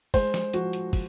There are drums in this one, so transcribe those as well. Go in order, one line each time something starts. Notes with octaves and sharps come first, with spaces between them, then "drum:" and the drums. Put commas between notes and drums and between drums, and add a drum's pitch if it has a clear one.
G#3 C5, drum: kick, open hi-hat
drum: snare
F3 F#4, drum: hi-hat
drum: hi-hat
drum: kick, open hi-hat